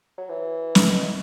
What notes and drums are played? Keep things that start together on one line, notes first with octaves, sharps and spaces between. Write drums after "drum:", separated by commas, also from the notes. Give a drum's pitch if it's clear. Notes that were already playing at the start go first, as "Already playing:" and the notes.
F#3
E3
drum: snare
B2